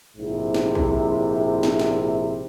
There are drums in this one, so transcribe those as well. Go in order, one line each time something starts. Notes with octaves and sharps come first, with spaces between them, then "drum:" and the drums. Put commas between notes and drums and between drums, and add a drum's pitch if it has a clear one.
A#1 G#2 C3 E4
drum: snare
drum: kick A#1
drum: snare
drum: snare